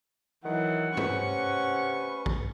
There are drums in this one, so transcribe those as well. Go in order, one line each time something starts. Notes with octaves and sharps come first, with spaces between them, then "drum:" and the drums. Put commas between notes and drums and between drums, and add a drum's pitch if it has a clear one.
D#3 E3 F#3 F#5
C3 C#4 B4 C#6, drum: tom G2
drum: kick